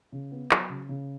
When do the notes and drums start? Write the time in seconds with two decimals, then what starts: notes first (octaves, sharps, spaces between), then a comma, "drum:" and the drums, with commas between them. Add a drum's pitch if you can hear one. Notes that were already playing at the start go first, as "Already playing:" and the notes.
0.12 C#3
0.31 B3
0.51 F#3, drum: clap
0.69 C#3
0.89 C#3